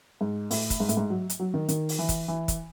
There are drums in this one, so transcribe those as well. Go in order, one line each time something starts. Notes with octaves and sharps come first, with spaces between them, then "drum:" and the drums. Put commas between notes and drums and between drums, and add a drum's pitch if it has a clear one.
G#2
A2, drum: open hi-hat
drum: kick, hi-hat
G#2
A2, drum: hi-hat
G#2
F#3
drum: hi-hat
F#3
D#3
D#3, drum: hi-hat
drum: open hi-hat
E3
drum: kick, hi-hat
E3
drum: kick, hi-hat